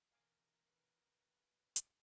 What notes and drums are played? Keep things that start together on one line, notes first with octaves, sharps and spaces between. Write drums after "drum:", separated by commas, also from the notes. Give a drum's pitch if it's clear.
B2 E3 A#4 F5 G#5 D6
B4
drum: hi-hat